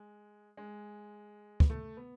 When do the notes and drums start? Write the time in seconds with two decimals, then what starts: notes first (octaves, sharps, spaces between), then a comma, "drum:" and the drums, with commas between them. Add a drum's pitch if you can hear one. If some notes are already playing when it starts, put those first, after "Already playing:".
Already playing: G#3
0.57 G#3
1.60 B3, drum: kick
1.70 A3
1.97 B3